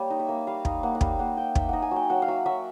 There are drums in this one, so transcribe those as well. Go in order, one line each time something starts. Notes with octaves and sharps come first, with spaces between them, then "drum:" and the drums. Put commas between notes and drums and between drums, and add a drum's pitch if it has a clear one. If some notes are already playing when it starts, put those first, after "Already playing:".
Already playing: G3 A#3 C#5
D#4
E5
A#3
G3 F5
D#4 F5, drum: kick
A#3 F#5
F#5
G3 F5, drum: kick
A#3 F#5
A#3 G5
D#4 E5, drum: kick
D#4 F#5
G#5
F#3
G5
F#3 F#5
F5
F#3 E5
F#3 E5